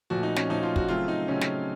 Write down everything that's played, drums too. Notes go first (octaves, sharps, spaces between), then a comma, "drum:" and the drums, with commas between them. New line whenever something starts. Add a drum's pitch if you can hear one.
A#2 F3 A3 F#4
D#4
C#4, drum: snare
A#2 F3 A3 D#4
F4
F#4, drum: kick
C#3 F#3 A3 C4 F4
D#4
C#3 F#3 A3 C4 C#4
drum: snare